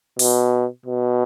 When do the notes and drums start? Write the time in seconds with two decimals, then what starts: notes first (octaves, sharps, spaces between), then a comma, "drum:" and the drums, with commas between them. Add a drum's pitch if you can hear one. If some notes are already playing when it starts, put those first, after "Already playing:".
0.19 B2, drum: open hi-hat
0.86 B2